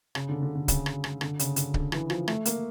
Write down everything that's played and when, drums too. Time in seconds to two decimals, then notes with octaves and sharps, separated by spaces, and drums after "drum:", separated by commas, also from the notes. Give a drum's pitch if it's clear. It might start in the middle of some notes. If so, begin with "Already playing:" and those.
0.15 C#3, drum: rim click
0.29 D3
0.42 D3
0.55 D3
0.68 C#3, drum: kick C#1, hi-hat
0.86 drum: rim click
1.04 drum: rim click
1.21 D3, drum: rim click
1.39 C#3, drum: hi-hat
1.56 D3, drum: hi-hat
1.74 D3, drum: kick C#1
1.92 E3, drum: rim click
2.10 F3, drum: rim click
2.28 A3, drum: rim click
2.45 A#3, drum: hi-hat